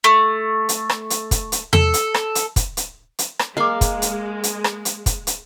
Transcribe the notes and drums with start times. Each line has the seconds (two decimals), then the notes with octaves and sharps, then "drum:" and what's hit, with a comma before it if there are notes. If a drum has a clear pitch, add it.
0.04 A3
0.69 drum: hi-hat
0.89 drum: rim click
1.10 drum: hi-hat
1.31 drum: kick, hi-hat
1.52 drum: hi-hat
1.73 A4, drum: tom E2
1.94 drum: hi-hat
2.14 drum: rim click
2.35 drum: hi-hat
2.56 drum: kick, hi-hat
2.77 drum: hi-hat
3.19 drum: hi-hat
3.39 drum: rim click
3.57 G#3 A#3 D#5 F5 D6
3.81 drum: kick, hi-hat
4.02 drum: hi-hat
4.43 drum: hi-hat
4.64 drum: rim click
4.85 drum: hi-hat
5.06 drum: kick, hi-hat
5.27 drum: hi-hat